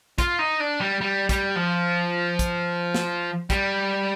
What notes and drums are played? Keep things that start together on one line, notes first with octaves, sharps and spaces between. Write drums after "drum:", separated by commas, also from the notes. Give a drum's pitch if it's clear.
F4, drum: kick, hi-hat
D#4
D4
G3
G3
G3, drum: kick, hi-hat
F3
drum: kick, hi-hat
drum: snare
G3, drum: kick, hi-hat